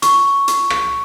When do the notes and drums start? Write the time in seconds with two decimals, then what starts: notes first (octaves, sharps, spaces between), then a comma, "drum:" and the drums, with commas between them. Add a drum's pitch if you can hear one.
0.02 C#6, drum: hi-hat
0.48 drum: hi-hat
0.70 drum: rim click